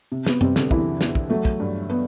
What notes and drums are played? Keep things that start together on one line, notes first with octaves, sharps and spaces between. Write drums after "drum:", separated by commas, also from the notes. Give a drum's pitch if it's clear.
C3
B3, drum: snare
C3 G3 C4, drum: tom F#2
D3 D4, drum: snare
E2 E3 E4, drum: kick
E2, drum: snare
drum: kick
F#3 A3
drum: kick
G2
B3